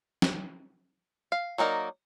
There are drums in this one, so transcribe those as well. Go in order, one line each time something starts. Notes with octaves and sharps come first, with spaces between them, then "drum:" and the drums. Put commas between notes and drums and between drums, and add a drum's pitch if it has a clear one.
drum: snare
F5
F#3 A#3 D#4 A#4 D5